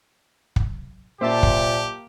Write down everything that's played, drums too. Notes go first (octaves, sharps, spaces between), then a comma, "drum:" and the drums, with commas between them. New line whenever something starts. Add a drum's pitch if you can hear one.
drum: kick
A#2 A#3 G4 C5 E5 A5
drum: kick